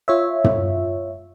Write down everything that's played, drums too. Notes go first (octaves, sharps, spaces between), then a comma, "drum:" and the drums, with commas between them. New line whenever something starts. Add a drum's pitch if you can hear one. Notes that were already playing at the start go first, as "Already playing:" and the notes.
F4 C#5 E5
drum: tom